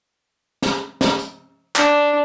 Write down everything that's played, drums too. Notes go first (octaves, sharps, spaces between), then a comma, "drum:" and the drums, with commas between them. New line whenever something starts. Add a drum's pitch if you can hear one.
drum: snare
drum: snare
drum: hi-hat
D4, drum: clap